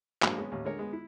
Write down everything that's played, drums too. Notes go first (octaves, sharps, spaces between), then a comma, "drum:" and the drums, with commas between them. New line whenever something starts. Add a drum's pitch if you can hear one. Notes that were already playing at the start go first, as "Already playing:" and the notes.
G2 F3 F#3 G#3 A#3 D4, drum: clap
G#3 B3 C#4
A1 D#2 C#4
D3 G#3 A#4 C#5
G#3 B3
E4